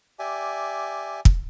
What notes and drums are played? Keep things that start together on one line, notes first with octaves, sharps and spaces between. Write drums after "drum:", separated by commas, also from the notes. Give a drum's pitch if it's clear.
G4 D5 E5 G#5
drum: kick